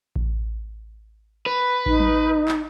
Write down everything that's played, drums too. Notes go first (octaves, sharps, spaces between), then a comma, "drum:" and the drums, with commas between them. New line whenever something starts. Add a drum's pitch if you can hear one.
drum: kick A1
B4
D#4, drum: kick A1
drum: tom F#3
drum: clap